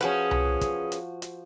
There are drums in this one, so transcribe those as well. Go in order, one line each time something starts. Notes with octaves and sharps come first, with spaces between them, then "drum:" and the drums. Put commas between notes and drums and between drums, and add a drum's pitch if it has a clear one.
F3 C#4 F#4 G#4 B4
drum: tom C2
drum: kick, hi-hat
drum: hi-hat
drum: hi-hat